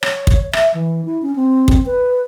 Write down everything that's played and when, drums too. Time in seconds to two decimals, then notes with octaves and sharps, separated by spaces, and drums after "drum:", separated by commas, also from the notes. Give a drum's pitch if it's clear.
0.03 C#5, drum: rim click
0.27 drum: kick
0.53 E5, drum: rim click
0.74 E3
1.05 E4
1.22 C#4
1.36 C4
1.68 drum: kick
1.86 B4